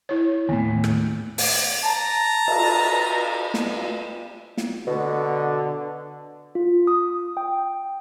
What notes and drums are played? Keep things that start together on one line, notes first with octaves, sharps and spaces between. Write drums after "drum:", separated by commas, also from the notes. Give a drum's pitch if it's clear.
E4 C#5
D#2 A2 B3
drum: rim click
drum: open hi-hat
A5 A#5
drum: cymbal
drum: snare
drum: snare
B2 D3
F4
D#6
G5